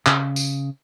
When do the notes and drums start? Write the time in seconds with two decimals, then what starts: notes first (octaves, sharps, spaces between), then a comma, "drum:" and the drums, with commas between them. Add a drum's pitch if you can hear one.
0.07 C#3, drum: clap
0.36 drum: tambourine